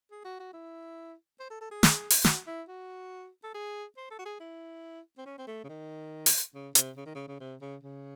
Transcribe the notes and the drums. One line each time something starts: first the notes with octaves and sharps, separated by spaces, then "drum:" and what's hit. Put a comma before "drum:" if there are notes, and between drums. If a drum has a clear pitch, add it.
G#4
F#4
F#4
E4
C5
A4
A4
G#4
drum: snare
drum: open hi-hat
F#4, drum: snare
E4
F#4
A4
G#4
C5
A4
F#4
G#4
E4
C4
C#4
C4
A3
C#3
D#3
drum: open hi-hat
C#3
C3, drum: hi-hat
C#3
D#3
C#3
C#3
C3
C#3
C#3